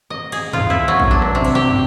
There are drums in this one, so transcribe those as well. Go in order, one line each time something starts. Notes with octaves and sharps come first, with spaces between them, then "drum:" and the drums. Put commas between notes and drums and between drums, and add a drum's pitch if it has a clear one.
D#5
G#4, drum: cymbal
F4, drum: tom
E4
F#3
drum: kick
D4
drum: rim click
C3
drum: cymbal
G4
drum: tom